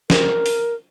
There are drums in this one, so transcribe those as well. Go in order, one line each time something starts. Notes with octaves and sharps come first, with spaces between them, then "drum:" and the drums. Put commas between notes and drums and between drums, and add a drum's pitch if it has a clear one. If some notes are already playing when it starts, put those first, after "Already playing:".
A#4, drum: snare
drum: open hi-hat